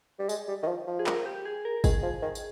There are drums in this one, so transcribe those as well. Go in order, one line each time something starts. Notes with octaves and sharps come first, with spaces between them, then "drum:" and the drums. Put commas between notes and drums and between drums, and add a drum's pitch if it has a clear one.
G3
G#3, drum: tambourine
G3
D#3
F3
F3
G#4
A#4, drum: clap
G4
G#4
A#4
D#3 G#4, drum: kick G1, tambourine
F3
D#3
drum: tambourine